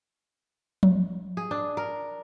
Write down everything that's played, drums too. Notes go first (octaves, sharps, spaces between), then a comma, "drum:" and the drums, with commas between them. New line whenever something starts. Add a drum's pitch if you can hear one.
drum: tom F3
G#4
D4
A#4